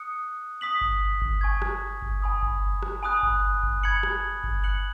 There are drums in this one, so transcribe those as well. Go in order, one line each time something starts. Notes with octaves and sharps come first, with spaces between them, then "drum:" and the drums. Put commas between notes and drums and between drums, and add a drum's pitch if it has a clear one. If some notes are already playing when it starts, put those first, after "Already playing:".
Already playing: D#6 F#6 C#7
D#6 B6 F#7
drum: kick G1
drum: kick G1
G#5 C#6 G#6
drum: rim click
drum: kick G1
G#5 B5 D#6
drum: kick G1
drum: rim click
G#5 B5 D#6 F#6
drum: kick G1
drum: kick G1
B5 G#6 C#7 F#7
drum: rim click
drum: kick G1
F#6 C#7 F#7